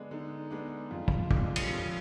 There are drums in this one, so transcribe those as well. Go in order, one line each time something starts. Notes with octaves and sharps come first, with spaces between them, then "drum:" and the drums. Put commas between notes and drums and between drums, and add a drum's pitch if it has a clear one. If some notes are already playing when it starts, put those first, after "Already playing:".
Already playing: D3 G#3 B3 D4
D3 D#4
G#3 B3 D4
F2 F4
drum: kick
D3 G#3 D4, drum: kick
drum: cymbal
F2